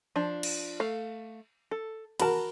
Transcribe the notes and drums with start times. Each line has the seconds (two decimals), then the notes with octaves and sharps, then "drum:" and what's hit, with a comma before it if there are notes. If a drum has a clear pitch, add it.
0.16 F3 D4
0.43 drum: cymbal
0.80 A3 F5
1.71 A4
2.20 F#4 A#4 A5 B5, drum: cymbal